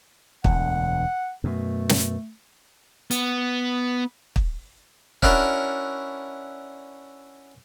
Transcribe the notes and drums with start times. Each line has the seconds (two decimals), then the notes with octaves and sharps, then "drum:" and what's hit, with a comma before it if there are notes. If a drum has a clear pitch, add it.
0.44 E1 D2 F#5, drum: kick
1.44 F#2 B2 A3
1.89 drum: snare
3.11 B3, drum: hi-hat
4.36 drum: kick
5.22 C#4 D4 E4 F#4 A#4, drum: kick